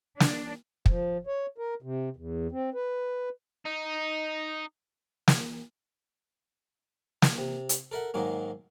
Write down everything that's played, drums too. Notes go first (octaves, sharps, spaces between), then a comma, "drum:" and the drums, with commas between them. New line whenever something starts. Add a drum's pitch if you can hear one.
D4, drum: snare
F3, drum: kick
C#5
A#4
C3
E2
C4
B4
D#4
drum: snare
A5, drum: snare
C3
drum: hi-hat
A4 A#4 E5 F#5
G#2 D#3 F#3 G#3 A#3